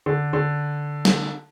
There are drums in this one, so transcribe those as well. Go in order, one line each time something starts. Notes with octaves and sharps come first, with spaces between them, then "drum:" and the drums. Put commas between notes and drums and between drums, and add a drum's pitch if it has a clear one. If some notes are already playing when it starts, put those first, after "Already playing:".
D3
D3
drum: snare